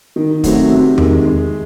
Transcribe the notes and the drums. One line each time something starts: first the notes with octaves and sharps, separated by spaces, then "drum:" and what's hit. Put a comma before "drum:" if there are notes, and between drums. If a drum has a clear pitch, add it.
D#3
F#3 A3 C4 F#4, drum: kick, hi-hat
C3
D#3 G#3, drum: tom E2
G#3